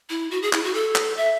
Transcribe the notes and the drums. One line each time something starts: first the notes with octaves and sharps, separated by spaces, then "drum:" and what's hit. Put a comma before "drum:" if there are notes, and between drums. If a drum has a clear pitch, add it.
E4
F#4
G#4
E4, drum: clap
F#4
A4
drum: clap
E5